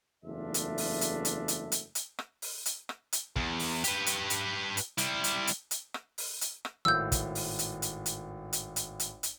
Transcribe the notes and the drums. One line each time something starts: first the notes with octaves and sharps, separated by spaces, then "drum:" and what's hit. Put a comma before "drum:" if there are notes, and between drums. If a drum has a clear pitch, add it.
F#1 E2 A3 D4 F4 E5
drum: hi-hat
drum: open hi-hat
drum: hi-hat
drum: hi-hat
drum: hi-hat
drum: hi-hat
drum: hi-hat
drum: rim click
drum: open hi-hat
drum: hi-hat
drum: rim click
drum: hi-hat
E2, drum: kick
drum: open hi-hat
G4 B4, drum: hi-hat
drum: hi-hat
drum: hi-hat
drum: hi-hat
G3 E4, drum: hi-hat
drum: hi-hat
drum: hi-hat
drum: hi-hat
drum: rim click
drum: open hi-hat
drum: hi-hat
drum: rim click
G#1 A2 A#3 E6 G6
drum: kick, hi-hat
drum: open hi-hat
drum: hi-hat
drum: hi-hat
drum: hi-hat
drum: hi-hat
drum: hi-hat
drum: hi-hat
drum: hi-hat